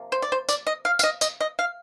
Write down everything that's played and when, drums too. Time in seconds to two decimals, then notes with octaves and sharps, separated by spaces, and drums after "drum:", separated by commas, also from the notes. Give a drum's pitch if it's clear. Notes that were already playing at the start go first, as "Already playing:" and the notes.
Already playing: C3 F3 A#3
0.12 C5
0.22 D5
0.32 C5
0.49 D5, drum: tambourine
0.67 D#5
0.85 F5
0.99 F5, drum: tambourine
1.03 D#5
1.21 D#5, drum: tambourine
1.41 D#5
1.59 F5